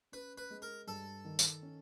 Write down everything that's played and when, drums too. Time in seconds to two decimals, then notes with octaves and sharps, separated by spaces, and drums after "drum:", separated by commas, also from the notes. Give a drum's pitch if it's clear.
0.12 C#4 B4
0.38 B4
0.50 G#3
0.62 A#4
0.87 G2 A4
1.25 D#3
1.39 drum: tambourine
1.62 C#4